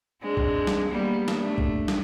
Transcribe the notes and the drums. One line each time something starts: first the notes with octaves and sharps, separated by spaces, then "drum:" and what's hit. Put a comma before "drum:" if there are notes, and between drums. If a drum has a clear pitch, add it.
G#3 C4 D4
drum: kick B1
drum: snare
G3 A#3 B3
drum: snare
A3 D4
drum: kick B1
drum: snare